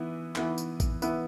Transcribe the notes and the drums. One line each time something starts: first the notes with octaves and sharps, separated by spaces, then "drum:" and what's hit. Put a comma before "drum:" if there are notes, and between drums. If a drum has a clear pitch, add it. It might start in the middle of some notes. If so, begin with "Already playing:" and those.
Already playing: E3 B3 E4
E3 B3 E4, drum: clap
drum: tambourine
drum: kick, tambourine
E3 B3 E4, drum: tambourine